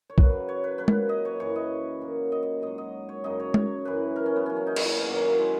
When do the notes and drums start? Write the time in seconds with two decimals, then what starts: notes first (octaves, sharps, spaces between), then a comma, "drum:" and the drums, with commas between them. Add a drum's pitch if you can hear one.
0.10 C#5
0.18 F#2 C#3 F#3 B4, drum: kick B1
0.48 C#5
0.64 B4
0.78 A#2 F#3 B4
0.88 drum: tom G#3
1.09 D#5
1.25 C#5
1.40 F#2 E3 C#5
1.56 D#5
2.01 A#2 F#3
2.32 D#5
2.43 D#5
2.62 G#2 F#3 D#5
2.78 D#5
3.09 C#5
3.24 F#2 C#3 F#3 D#5
3.40 C#5
3.54 C#5, drum: tom G#3
3.85 F#2 E3 B4
4.16 A#4
4.26 C#4
4.36 B3
4.46 A#2 F#3 C#4
4.56 C#4
4.67 D#4
4.76 E4, drum: cymbal
4.88 C#4
4.97 B3
5.08 F#2 D#3 F#3 A#3
5.18 F#4
5.28 E4
5.39 G#3